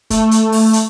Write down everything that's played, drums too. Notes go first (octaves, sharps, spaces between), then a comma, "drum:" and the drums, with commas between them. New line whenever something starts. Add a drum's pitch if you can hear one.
A3, drum: kick, hi-hat
drum: hi-hat
drum: open hi-hat
drum: hi-hat